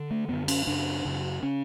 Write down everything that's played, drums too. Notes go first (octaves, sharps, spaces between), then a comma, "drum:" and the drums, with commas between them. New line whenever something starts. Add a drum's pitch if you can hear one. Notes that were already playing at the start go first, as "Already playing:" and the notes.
Already playing: D3
A3
F#2 D3 B3
C#4, drum: cymbal
F#2 C#3 D4
F#2 C#3
C#3 C#4